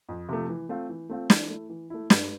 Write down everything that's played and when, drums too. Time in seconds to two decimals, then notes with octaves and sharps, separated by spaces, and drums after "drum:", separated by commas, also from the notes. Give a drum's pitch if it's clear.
0.09 F2
0.29 C3 F3 A3
0.49 E3
0.69 A3 C4 F4
0.89 E3
1.09 A3 C4 F4
1.30 E3, drum: snare
1.50 A3 E4
1.69 E3
1.90 A3 E4
2.10 G2, drum: snare